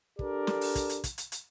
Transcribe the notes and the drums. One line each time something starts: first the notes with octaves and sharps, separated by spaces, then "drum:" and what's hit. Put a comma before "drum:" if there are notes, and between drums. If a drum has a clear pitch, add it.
D4 G4 A4 A#4 D5, drum: kick
drum: snare
drum: open hi-hat
drum: kick, hi-hat
drum: hi-hat
drum: kick, hi-hat
drum: hi-hat
drum: hi-hat